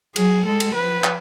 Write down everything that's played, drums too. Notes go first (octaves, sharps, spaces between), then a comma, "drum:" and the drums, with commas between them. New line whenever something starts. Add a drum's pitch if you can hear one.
F#3 G#4, drum: cymbal
G#3 A4
drum: cymbal
F3 B4
drum: clap